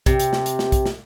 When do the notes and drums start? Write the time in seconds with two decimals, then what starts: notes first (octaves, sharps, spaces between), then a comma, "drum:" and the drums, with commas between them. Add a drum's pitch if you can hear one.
0.06 C3, drum: kick, hi-hat
0.20 drum: hi-hat
0.33 drum: snare
0.46 drum: hi-hat
0.59 drum: snare
0.72 drum: kick, hi-hat
0.86 drum: snare